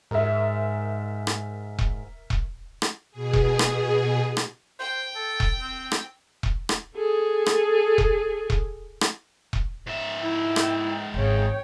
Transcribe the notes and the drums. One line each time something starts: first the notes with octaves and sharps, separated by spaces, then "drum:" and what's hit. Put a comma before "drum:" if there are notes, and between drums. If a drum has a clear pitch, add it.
G#2 A#4 E5
drum: rim click
drum: kick E1
drum: kick E1
drum: rim click
B2 G#4
drum: kick E1
drum: rim click
drum: rim click
C5 G5
A4
drum: kick E1
C4
drum: rim click
drum: kick E1
drum: rim click
G#4 A4
drum: rim click
drum: kick E1
drum: kick E1
drum: rim click
drum: kick E1
G#2 E5
E4 G5
drum: rim click
G#1 C#3 C#5 G5